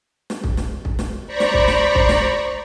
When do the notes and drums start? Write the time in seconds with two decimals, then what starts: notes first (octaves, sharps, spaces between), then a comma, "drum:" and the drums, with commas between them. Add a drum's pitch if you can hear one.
0.30 drum: snare
0.44 drum: kick
0.57 drum: snare
0.85 drum: kick
0.99 drum: snare
1.26 C5 D5 A#5 B5 C#6
1.40 drum: snare
1.54 drum: kick
1.68 drum: snare
1.95 drum: kick
2.09 drum: snare